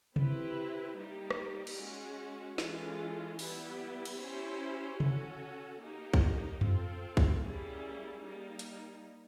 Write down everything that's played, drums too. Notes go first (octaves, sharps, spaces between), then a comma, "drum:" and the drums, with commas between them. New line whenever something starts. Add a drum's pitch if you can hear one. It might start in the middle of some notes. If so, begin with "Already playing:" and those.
C4 E4 G4 B4, drum: tom C3
G3 A#3 D#4 G4
drum: rim click
drum: cymbal
G#3 C#4 F#4
E3 G#3 C#4 F4 A4, drum: snare
G3 B3 E4 G4, drum: open hi-hat
drum: cymbal
C#4 E4 G4 C5
C#4 F#4 A4, drum: tom C3
A#3 D#4 G4
drum: kick
C4 F4 A4, drum: tom F2
drum: kick
G3 A#3 C#4 E4 G#4
G3 A#3 D#4
drum: hi-hat